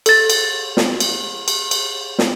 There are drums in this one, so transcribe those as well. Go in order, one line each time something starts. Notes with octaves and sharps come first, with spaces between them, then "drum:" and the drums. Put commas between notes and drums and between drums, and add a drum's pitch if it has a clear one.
A4 A6, drum: cymbal
drum: cymbal
drum: snare
drum: cymbal
drum: cymbal
drum: cymbal
drum: snare